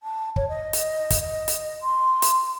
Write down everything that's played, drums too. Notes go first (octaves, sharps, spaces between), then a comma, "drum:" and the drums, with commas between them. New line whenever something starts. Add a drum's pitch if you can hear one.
A5
C#5, drum: kick
D#5
drum: hi-hat
drum: kick, hi-hat
D#5
drum: hi-hat
C6
drum: hi-hat